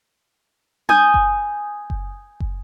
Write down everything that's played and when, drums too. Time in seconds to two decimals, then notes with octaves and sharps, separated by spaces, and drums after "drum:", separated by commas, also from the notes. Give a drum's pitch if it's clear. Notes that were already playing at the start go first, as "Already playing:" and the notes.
0.89 G#5 D#6 G6, drum: tom D4
1.14 drum: kick F#1
1.90 drum: kick F#1
2.40 drum: kick F#1